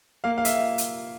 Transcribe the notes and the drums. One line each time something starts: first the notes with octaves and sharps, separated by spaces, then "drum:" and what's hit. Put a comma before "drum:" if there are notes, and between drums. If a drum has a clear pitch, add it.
A#3 F5
F5
E5, drum: hi-hat
drum: hi-hat